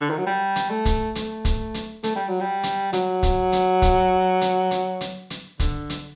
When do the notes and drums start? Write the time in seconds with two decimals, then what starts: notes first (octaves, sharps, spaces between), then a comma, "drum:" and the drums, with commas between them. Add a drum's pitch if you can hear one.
0.01 D3
0.10 D#3
0.18 F#3
0.27 G3
0.56 drum: hi-hat
0.70 A3
0.85 drum: kick, hi-hat
1.15 A3, drum: hi-hat
1.45 drum: kick, hi-hat
1.74 drum: hi-hat
2.03 A3, drum: hi-hat
2.16 G3
2.28 F#3
2.41 G3
2.63 drum: hi-hat
2.93 F#3, drum: hi-hat
3.23 drum: kick, hi-hat
3.52 drum: hi-hat
3.82 drum: kick, hi-hat
4.41 drum: hi-hat
4.71 drum: hi-hat
5.01 drum: hi-hat
5.30 drum: hi-hat
5.60 D3, drum: kick, hi-hat
5.90 drum: hi-hat